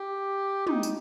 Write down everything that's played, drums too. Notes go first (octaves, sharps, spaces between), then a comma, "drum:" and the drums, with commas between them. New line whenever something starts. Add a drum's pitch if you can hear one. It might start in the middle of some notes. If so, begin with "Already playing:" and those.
Already playing: G4
D#4, drum: tom
drum: tambourine